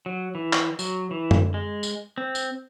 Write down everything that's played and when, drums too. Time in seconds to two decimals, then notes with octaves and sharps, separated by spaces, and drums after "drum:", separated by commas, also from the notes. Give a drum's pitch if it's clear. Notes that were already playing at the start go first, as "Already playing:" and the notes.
0.06 F#3
0.35 E3
0.53 drum: clap
0.79 F#3, drum: tambourine
1.11 E3
1.31 drum: tom F#2
1.54 G#3
1.83 drum: tambourine
2.18 C4
2.35 drum: tambourine